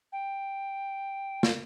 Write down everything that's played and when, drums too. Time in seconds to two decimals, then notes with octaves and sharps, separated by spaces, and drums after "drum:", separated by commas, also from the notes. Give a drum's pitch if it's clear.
0.12 G5
1.43 F5, drum: snare